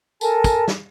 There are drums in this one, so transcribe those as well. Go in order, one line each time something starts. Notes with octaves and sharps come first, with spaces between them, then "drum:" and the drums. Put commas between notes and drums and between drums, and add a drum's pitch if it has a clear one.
A4 A#4 G#5 A5, drum: tambourine
drum: kick, tambourine
drum: snare